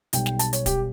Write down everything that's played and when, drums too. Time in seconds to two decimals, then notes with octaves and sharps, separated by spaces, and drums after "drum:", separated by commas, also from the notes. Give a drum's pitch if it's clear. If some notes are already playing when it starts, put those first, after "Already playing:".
0.13 B1 B2 G3 G5, drum: hi-hat
0.26 G5, drum: snare
0.39 A5, drum: hi-hat
0.53 C#5, drum: hi-hat
0.66 G4, drum: kick, hi-hat